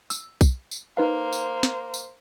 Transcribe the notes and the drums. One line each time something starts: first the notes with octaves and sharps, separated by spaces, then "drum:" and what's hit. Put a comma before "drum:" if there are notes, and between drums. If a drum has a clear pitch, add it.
E6, drum: tambourine
drum: kick B1, tambourine
drum: tambourine
A#3 D#4 B4 C5 F5
drum: tambourine
drum: snare
drum: tambourine